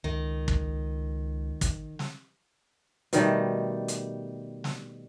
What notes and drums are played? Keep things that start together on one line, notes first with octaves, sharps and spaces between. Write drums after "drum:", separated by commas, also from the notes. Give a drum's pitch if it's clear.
C#2 D#3
drum: kick
drum: kick, hi-hat
drum: snare
B2 D#3 G3 A3, drum: hi-hat
drum: hi-hat
drum: snare